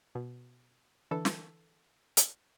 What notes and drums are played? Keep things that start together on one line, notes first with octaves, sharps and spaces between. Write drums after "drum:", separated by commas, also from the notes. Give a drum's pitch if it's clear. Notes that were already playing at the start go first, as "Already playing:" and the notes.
B2
D3 E3 A4
drum: snare
drum: hi-hat